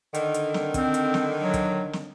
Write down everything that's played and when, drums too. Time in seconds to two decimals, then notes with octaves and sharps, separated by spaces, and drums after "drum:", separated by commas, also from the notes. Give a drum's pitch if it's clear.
0.14 D3 D#3, drum: hi-hat
0.34 drum: hi-hat
0.54 drum: snare
0.74 C4, drum: kick, hi-hat
0.94 drum: hi-hat
1.14 drum: snare
1.39 F#3
1.54 drum: kick, hi-hat
1.93 drum: snare